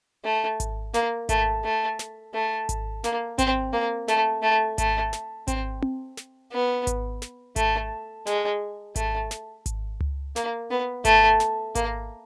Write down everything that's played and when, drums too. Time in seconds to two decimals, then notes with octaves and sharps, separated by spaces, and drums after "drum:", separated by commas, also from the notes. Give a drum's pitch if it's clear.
0.24 A3
0.60 drum: kick G#1, hi-hat
0.94 A#3, drum: snare
1.29 A3, drum: kick G#1, hi-hat
1.64 A3
1.99 drum: snare
2.34 A3
2.69 drum: kick G#1, hi-hat
3.04 A#3, drum: snare
3.38 C4, drum: kick G#1, hi-hat
3.73 A#3
4.08 A3, drum: snare
4.43 A3
4.78 A3, drum: kick G#1, hi-hat
5.13 drum: snare
5.48 C4, drum: kick G#1, hi-hat
5.82 drum: tom C4
6.17 drum: snare
6.53 B3
6.87 drum: kick G#1, hi-hat
7.22 drum: snare
7.56 A3, drum: kick G#1, hi-hat
8.27 G#3, drum: snare
8.96 A3, drum: kick G#1, hi-hat
9.31 drum: snare
9.66 drum: kick G#1, hi-hat
10.01 drum: tom C#2
10.36 A#3, drum: snare
10.70 B3
11.05 A3, drum: kick G#1, hi-hat
11.40 drum: snare
11.75 A#3, drum: kick G#1, hi-hat